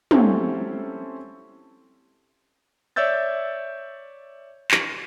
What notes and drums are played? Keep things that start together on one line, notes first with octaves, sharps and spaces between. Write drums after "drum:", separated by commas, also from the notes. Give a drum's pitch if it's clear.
C4 C#4 E4 G4 A4 C5, drum: tom
C#5 D5 E5 E6 G6 A6
drum: clap